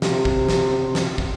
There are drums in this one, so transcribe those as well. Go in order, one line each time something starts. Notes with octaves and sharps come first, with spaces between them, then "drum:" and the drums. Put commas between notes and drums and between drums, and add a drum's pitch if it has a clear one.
C3, drum: snare
drum: kick
drum: snare
drum: snare
drum: kick